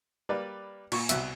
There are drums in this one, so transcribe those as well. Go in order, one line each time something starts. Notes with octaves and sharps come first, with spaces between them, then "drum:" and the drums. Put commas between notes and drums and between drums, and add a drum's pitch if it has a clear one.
G3 A#3 B4 D5
A#2 C#6, drum: cymbal
C2 B2 E5, drum: hi-hat